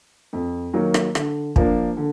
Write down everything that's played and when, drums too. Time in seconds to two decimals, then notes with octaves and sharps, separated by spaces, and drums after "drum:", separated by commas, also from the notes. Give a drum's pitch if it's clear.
0.33 F2
0.73 D#3 F#3 A#3
0.94 drum: rim click
1.15 D3, drum: rim click
1.56 F3 A#3 D4, drum: kick
1.97 D3